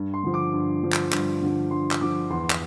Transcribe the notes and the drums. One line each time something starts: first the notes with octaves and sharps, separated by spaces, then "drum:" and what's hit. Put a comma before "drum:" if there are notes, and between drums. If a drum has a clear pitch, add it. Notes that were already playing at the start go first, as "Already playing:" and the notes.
Already playing: G2
C6
D3 F3
D6
G2
D3 F3
drum: clap
G2, drum: clap
D3 F3
G2 C6
drum: clap
D3 F3 D6
E2 C6
drum: clap